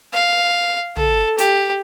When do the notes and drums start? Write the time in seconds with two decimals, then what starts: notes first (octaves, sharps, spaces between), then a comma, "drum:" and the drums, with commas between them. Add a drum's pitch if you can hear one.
0.13 F5
0.97 A4, drum: tom
1.38 G4, drum: hi-hat